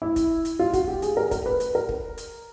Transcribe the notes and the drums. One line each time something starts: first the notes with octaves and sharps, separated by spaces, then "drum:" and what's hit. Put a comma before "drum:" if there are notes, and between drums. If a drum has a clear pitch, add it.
E4
drum: kick, hi-hat
drum: hi-hat
F4
F#4, drum: kick, hi-hat
G4
G#4, drum: hi-hat
A#4
A#4, drum: kick, hi-hat
B4
drum: hi-hat
A#4
drum: kick
drum: hi-hat